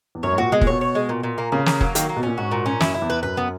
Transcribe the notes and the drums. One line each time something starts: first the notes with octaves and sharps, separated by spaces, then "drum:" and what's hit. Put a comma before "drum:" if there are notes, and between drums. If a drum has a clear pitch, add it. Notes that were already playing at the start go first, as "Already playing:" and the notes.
E2
F#2 C#5
G#2
A#2 F#4
B2 G#3
A#2, drum: kick F1
B2 C#5
C#5
G#3
A#2
A#2
A#3
C#3 A#3
A#3, drum: snare
F#3, drum: kick F1
D#3 A#3, drum: hi-hat
A#3
B2
A#2 C#4
G#2 F#4
A#2
C#4
F#2 E4, drum: snare
E4
E2
B4
F#2 B4
B3